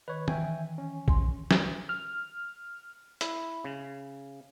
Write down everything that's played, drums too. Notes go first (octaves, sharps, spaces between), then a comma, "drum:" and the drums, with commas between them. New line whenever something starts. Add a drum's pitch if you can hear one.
D#3 B4 C#5
E3 E5 G5 G#5, drum: tom
C#4
G#5 C6, drum: kick A#1
B4, drum: snare
F6
E4, drum: hi-hat
C#3